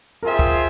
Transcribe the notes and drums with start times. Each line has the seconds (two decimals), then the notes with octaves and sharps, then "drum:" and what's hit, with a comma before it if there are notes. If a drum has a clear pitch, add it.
0.23 F4 G#4 A#4 C5 E5 G5
0.39 drum: kick